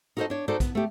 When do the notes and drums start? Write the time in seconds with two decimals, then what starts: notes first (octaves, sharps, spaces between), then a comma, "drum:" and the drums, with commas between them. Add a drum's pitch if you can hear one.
0.17 D#4 F#4 A4 A#4 C5 D#5
0.30 D4 C#5
0.48 D#4 F#4 A4 C5 D5
0.60 B3, drum: kick, hi-hat
0.75 A3 G4